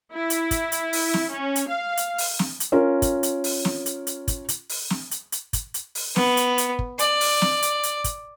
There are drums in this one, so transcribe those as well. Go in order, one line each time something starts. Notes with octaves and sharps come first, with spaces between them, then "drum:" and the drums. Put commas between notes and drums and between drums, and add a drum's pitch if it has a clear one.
E4
drum: hi-hat
drum: kick, hi-hat
drum: hi-hat
drum: open hi-hat
drum: snare
C#4
drum: hi-hat
F5
drum: hi-hat
drum: open hi-hat
drum: snare
drum: hi-hat
C#4 F4 A#4
drum: kick, hi-hat
drum: hi-hat
drum: open hi-hat
drum: snare
drum: hi-hat
drum: hi-hat
drum: kick, hi-hat
drum: hi-hat
drum: open hi-hat
drum: snare
drum: hi-hat
drum: hi-hat
drum: kick, hi-hat
drum: hi-hat
drum: open hi-hat
B3, drum: snare
drum: hi-hat
drum: hi-hat
drum: kick
D5, drum: hi-hat
drum: open hi-hat
drum: snare
drum: hi-hat
drum: hi-hat
drum: kick, hi-hat